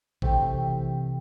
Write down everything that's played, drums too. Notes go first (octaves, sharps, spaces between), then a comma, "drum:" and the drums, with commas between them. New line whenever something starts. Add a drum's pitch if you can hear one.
C3 E3 A3 E4 G4, drum: kick A1